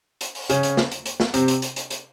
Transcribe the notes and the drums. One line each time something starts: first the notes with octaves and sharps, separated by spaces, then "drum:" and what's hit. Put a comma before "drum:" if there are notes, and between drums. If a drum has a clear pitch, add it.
drum: hi-hat
drum: open hi-hat
C#3 C#4, drum: hi-hat
drum: hi-hat
drum: snare
drum: hi-hat
drum: hi-hat
drum: snare
C3 C4, drum: hi-hat
drum: hi-hat
drum: hi-hat
drum: hi-hat
drum: hi-hat